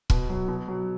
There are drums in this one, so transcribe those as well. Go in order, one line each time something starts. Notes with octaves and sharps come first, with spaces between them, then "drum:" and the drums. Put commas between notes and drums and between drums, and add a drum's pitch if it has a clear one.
B2, drum: kick
F#3
B2
F#3